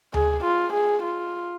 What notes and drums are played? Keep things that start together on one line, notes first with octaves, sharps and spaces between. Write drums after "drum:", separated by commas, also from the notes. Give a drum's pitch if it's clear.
G#4, drum: tom D2
F4
G#4
F4